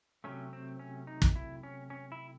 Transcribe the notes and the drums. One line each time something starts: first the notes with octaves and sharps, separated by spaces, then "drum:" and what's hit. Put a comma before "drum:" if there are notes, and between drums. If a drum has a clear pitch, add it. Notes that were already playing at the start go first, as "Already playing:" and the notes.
C3 F#3 A3 C#4
C4
C#4
D#4
drum: kick
E4
C#4
C#4
E4